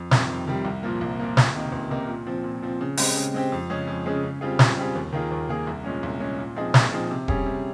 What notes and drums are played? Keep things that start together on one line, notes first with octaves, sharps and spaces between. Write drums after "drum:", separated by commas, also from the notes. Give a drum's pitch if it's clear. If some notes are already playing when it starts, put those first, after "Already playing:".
Already playing: F2
C3 D#3 G3, drum: snare
F2
C3 D#3 G3
C2
A#2 F3 A#3
C2
A#2 F3 A#3
C#2, drum: snare
C3 D#3 A#3 D#4
C#2
C3 D#3 A#3 D#4
A#2
F3 C4
A#2
F3 C4
C#3
G#3 C4 G4, drum: open hi-hat
C#3
G#3 C4 G4
F2
C#3 G#3 C#4 G#4
F2
C#3 G#3 C#4 G#4
C#3
G3 C4 F4 G#4
C#3, drum: snare
G3 C4 F4 G#4
D#2
D#3 A#3 F4 G#4
D#2
D#3 A#3 F4 G#4
C2
A#2 G#3 C#4
C2
A#2 G#3 C#4
A#2
F3 C4 D#4 G#4
A#2, drum: snare
F3 C4 D#4 G#4
C3
G3 C#4 G#4, drum: kick E1
C3